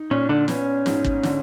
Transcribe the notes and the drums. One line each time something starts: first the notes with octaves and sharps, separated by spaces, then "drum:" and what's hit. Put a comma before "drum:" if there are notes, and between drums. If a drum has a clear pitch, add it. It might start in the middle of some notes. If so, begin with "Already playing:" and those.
Already playing: D#4
A#2 C#4
D3 D4
B3 C#4, drum: snare
G#2, drum: snare
drum: kick
D3, drum: snare